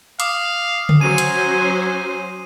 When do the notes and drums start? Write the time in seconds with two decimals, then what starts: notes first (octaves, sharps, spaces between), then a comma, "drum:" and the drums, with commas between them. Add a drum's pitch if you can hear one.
0.20 F5 D6 D#6 C7, drum: hi-hat
0.89 drum: tom C#3
1.01 F#3 C#4 C5 G#5 D#7
1.18 drum: hi-hat